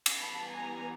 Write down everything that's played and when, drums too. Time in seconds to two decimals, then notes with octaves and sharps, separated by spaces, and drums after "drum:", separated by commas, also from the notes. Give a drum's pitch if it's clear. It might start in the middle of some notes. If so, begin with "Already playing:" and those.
0.06 drum: cymbal
0.20 E3 G3 B3 A5 B5
0.51 G#5 A#5